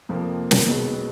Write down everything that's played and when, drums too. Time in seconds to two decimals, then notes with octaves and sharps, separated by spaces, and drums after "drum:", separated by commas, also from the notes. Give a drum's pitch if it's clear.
0.09 F2 C3 F3 A#3
0.51 drum: snare
0.68 B1 B2 G#3 B3